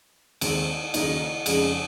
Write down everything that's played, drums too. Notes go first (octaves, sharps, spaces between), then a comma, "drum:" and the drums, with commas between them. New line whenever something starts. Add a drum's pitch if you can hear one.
D#2 D#3 G#3 C4, drum: cymbal
D#2 C#3 F#3 A#3 D#4, drum: cymbal
F2 C#3 F3 G#3, drum: cymbal